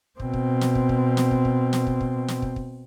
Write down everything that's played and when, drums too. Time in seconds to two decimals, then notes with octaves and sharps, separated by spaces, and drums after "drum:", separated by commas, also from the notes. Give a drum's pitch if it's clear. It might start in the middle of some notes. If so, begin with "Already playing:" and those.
0.20 B2 C4, drum: kick
0.33 drum: kick
0.61 drum: snare
0.75 drum: kick
0.89 drum: kick
1.17 drum: snare
1.31 drum: kick
1.45 drum: kick
1.73 drum: snare
1.87 drum: kick
2.01 drum: kick
2.28 drum: snare
2.42 drum: kick
2.56 drum: kick